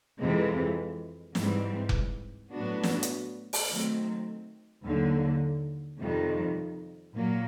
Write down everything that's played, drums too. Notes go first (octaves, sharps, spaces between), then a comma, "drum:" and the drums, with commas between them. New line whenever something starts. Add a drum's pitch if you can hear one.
F2 C3 E3 G#3 C4
G#2 E3 G3 C4, drum: snare
drum: kick F1
A2 F#3 B3 D4 F#4
drum: snare
drum: hi-hat
drum: open hi-hat
D#3 F#3 A3 C4
D#2 D3 F#3 A#3
F2 C3 D#3 G3
A#2 F#3 A#3